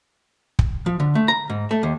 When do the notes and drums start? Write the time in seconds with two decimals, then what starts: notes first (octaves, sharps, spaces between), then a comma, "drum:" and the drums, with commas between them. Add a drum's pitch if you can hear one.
0.59 drum: kick
0.86 F3
1.00 D3
1.15 A3
1.28 A#5
1.50 G#2
1.71 A3
1.83 D#2